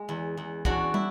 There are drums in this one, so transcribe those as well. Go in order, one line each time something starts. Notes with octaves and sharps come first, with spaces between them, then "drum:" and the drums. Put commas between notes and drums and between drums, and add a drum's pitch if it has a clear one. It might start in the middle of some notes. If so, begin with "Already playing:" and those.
Already playing: G#3
E2
E2
E2 D4 F#4, drum: kick
E4, drum: tom